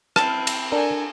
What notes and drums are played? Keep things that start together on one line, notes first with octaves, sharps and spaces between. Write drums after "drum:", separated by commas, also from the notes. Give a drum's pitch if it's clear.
C4 E4 A5, drum: rim click
drum: cymbal
D4 A4 A#4 G#5